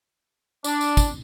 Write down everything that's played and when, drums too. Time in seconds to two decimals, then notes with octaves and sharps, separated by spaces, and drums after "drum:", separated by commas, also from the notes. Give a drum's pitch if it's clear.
0.64 D4, drum: tambourine
0.81 drum: tambourine
0.97 drum: kick, tambourine